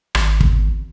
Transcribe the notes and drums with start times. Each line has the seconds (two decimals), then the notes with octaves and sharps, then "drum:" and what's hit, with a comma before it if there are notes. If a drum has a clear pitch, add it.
0.15 G#1, drum: rim click
0.40 drum: kick